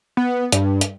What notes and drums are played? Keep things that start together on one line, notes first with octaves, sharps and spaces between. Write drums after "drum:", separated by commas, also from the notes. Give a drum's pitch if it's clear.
B3
G2, drum: hi-hat
drum: hi-hat